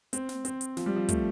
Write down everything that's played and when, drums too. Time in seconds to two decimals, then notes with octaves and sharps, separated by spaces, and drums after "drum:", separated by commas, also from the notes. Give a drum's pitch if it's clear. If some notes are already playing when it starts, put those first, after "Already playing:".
0.13 C4, drum: hi-hat
0.29 drum: snare
0.45 C4, drum: hi-hat
0.61 drum: hi-hat
0.77 F3, drum: snare
0.86 G3
0.96 F3
1.09 A3, drum: kick, hi-hat